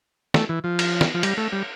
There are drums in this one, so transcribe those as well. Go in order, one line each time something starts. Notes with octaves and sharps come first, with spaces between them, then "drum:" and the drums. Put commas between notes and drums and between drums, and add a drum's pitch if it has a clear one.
A3, drum: snare
E3
F3
drum: cymbal
drum: snare
F3
G3, drum: cymbal
A3
G3